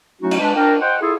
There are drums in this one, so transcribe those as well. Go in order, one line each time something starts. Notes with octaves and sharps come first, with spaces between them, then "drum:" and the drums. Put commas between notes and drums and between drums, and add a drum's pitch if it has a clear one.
F#3 A3 C#4 D#4 E4 F#4
drum: cymbal
G#3 D4 B4
D4 A#4 G5
C5 D#5 F#5 G5
E4 F4 G#4 A4